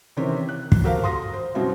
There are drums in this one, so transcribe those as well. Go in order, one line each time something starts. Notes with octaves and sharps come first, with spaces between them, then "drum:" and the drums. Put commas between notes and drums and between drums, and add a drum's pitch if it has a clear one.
C3 D#3 E3 C4 C#4 G4
F#6
drum: kick
F#4 G4 A4 A#4 C5 F5
C6 D#6 A#6
C5
F#2 B2 G3 C4 E4 F#4